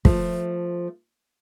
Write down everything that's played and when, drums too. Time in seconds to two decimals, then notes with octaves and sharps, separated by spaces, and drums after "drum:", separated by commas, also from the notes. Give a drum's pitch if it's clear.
0.05 F3 A3, drum: kick